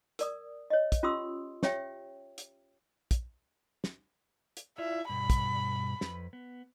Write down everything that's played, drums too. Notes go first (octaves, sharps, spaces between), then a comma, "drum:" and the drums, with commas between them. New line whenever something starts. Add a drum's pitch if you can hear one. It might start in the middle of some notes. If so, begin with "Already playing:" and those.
A#4 D5 D#6, drum: hi-hat
C#5 D#5
drum: kick, hi-hat
C#4 F4 G4 C6 D#6 E6
G4 C#5 E5 G5, drum: snare
drum: hi-hat
drum: kick, hi-hat
drum: snare
drum: hi-hat
E4 F4 D5 E5
G2 B2 B5
drum: kick, hi-hat
F2 B4, drum: snare
B3